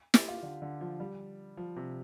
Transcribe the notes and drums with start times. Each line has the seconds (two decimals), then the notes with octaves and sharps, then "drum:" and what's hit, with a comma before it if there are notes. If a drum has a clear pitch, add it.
0.14 G4, drum: snare
0.28 F4
0.43 D3
0.62 D3
0.81 F3
1.00 G3
1.57 F3
1.76 C3